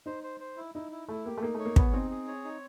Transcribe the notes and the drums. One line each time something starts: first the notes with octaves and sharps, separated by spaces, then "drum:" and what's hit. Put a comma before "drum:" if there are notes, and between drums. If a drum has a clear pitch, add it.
D#4 C5
C5
C5
E4
D#4 E4
E4
A3 E4
A#3 G4
A3
A#3 D#4
A3 C#5
A#3
B3 G#4, drum: kick
C4 D#4
G#4
C#5
D#4